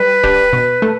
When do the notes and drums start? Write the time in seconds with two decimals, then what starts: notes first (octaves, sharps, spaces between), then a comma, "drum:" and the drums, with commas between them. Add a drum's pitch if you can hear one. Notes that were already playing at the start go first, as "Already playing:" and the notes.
Already playing: G3 B4
0.24 D4 G4, drum: kick D1
0.53 B2
0.82 A3